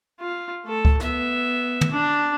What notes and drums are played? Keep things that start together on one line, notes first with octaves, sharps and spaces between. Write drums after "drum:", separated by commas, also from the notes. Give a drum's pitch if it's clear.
F4
A3 A4
drum: kick C#2
B3 E5, drum: snare
drum: tom
D4